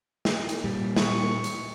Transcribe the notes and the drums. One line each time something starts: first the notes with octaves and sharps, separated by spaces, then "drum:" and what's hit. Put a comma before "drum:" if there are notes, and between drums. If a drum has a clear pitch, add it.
drum: snare
drum: hi-hat
A#2 G3
C#6, drum: snare
drum: hi-hat